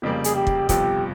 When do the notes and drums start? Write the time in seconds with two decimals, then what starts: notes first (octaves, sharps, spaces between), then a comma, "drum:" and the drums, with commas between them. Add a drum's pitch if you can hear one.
0.02 F1 F2 C#3 G3 A#3
0.24 G#4, drum: hi-hat
0.35 G4
0.47 drum: kick
0.69 G1 F2 C3 F3 C4 G4, drum: kick, hi-hat